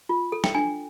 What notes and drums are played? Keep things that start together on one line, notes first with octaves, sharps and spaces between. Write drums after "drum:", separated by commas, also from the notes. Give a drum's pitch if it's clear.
F4
A4
G5, drum: snare
D4 G#5